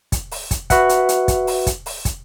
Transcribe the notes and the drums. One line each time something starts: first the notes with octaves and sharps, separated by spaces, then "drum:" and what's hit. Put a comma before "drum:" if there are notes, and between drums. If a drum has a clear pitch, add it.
drum: kick, hi-hat
drum: open hi-hat
drum: kick, hi-hat
F#4 B4 E5 F#5, drum: kick, hi-hat
drum: hi-hat
drum: hi-hat
drum: kick, hi-hat
drum: open hi-hat
drum: kick, hi-hat
drum: open hi-hat
drum: kick, hi-hat